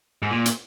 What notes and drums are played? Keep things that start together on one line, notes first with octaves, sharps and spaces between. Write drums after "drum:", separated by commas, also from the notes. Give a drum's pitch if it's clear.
G#2
A#2
drum: hi-hat